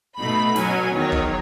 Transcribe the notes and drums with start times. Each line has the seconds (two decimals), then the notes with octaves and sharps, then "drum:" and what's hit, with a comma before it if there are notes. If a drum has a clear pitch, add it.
0.18 B2 A3 D#4 B5
0.56 B2 F#3 C#4 G#5, drum: snare
0.93 E2 D#3 F#3 C#5
1.12 drum: kick